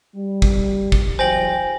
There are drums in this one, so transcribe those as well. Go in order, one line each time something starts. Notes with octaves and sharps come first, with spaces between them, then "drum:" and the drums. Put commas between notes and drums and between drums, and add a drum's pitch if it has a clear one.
G3
drum: kick
drum: kick
E2 F#3 C5 G5 G#5 A#6 F#7